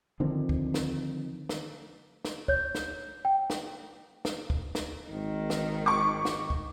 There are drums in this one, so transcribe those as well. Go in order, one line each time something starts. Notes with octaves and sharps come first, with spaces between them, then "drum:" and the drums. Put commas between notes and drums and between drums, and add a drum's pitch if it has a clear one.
D3 D#3 F3 C4
drum: kick
drum: snare
drum: snare
drum: snare
C#5 G6, drum: kick
drum: snare
G5
drum: snare
drum: snare
drum: kick
drum: snare
G#1 D#3
drum: snare
C#6 D6
drum: snare
drum: kick